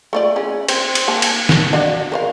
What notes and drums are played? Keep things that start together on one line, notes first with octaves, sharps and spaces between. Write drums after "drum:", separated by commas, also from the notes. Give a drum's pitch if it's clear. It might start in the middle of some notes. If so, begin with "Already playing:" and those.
A3 F4 D5
E3 C#4 G#4
C4 C5, drum: cymbal
drum: cymbal
A#3 G#5 A5
drum: cymbal
drum: snare
D4 F#4 F5
A#4 C5 F5